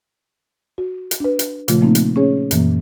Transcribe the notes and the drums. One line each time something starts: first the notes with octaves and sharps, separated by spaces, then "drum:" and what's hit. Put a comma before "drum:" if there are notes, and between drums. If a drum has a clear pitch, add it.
F#4
drum: hi-hat
D4 B4
drum: hi-hat
A#2 C#3 F3 A3 F4, drum: hi-hat
F3 A3 A#3 C4 D#4
drum: hi-hat
C#4 G#4 C#5
F#2 A#2 E3 A#3, drum: hi-hat